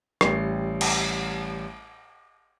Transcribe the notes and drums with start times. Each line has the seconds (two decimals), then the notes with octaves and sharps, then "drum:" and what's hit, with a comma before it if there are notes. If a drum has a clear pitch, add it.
0.21 A1 G3 C7, drum: rim click
0.81 drum: cymbal